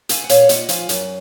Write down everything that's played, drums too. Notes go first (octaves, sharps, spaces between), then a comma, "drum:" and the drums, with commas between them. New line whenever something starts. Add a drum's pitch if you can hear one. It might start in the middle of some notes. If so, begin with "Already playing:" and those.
C4 F5 G#5, drum: hi-hat
F#5
A#2 C#5 F5, drum: hi-hat
A#2 D#5 F#5, drum: hi-hat
F3 F5 G#5, drum: hi-hat
F#2, drum: hi-hat